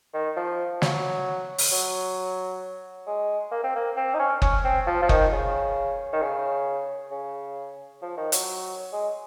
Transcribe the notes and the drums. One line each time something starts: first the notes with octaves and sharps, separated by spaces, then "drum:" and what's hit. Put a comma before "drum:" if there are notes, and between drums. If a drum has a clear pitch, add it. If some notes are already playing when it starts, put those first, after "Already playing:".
D#3
F3
F#3, drum: snare
drum: open hi-hat
F#3
G#3
A#3
C4
A#3
C4
D#4
C#4
C#4, drum: kick F#1
C4
F3
F3
D#3, drum: kick F#1
C#3
D#3
C#3
C#3
F3
D#3
F#3, drum: hi-hat
G#3